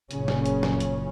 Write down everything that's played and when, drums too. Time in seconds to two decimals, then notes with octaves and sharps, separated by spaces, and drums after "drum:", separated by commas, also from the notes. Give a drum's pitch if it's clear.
0.11 F#1 A#2 C#3 C#4, drum: hi-hat
0.28 drum: snare
0.46 drum: hi-hat
0.63 drum: snare
0.80 drum: hi-hat